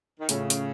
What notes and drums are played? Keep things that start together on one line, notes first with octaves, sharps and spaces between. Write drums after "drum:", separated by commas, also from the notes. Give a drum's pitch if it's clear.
D#3
A2 C#3 A3 C#4 F4, drum: hi-hat
drum: hi-hat